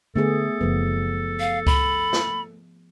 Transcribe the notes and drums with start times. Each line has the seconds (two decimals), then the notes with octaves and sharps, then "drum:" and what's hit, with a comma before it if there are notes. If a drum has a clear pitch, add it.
0.16 D3 A3 B3 G#4 A4
0.61 F#1 F3 G3 B3
1.40 F5
1.67 B5, drum: kick C#2
2.13 drum: snare